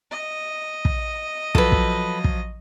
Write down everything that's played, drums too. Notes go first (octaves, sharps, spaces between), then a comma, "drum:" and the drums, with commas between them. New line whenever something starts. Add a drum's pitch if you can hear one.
D#5
drum: kick
F3 F#3 A4 B4, drum: kick
drum: kick
drum: kick